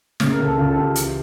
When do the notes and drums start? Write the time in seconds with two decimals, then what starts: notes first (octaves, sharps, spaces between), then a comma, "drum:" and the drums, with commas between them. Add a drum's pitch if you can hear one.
0.20 C#3, drum: snare
0.32 A#4
0.39 C#2
0.44 A4
0.58 C#2 F4
0.70 A4
0.76 C#2 G4
0.95 E3, drum: hi-hat